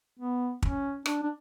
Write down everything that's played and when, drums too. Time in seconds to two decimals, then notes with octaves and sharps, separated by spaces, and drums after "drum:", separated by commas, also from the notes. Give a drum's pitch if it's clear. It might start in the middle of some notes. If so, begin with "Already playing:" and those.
0.19 B3
0.62 C#4, drum: kick
1.06 D4, drum: rim click
1.23 D4